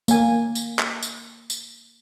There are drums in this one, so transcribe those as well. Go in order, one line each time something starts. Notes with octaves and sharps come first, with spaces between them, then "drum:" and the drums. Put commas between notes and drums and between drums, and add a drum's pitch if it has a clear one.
A#3 A#4 G#5, drum: tambourine
drum: tambourine
drum: clap
drum: tambourine
drum: tambourine